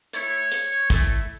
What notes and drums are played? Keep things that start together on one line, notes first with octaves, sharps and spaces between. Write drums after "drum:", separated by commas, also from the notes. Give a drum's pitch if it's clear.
A3 E4 C#5, drum: hi-hat
drum: hi-hat
A3 E4, drum: kick, hi-hat